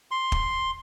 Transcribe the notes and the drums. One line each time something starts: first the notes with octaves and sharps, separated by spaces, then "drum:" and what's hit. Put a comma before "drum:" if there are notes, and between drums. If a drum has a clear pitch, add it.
C6
drum: kick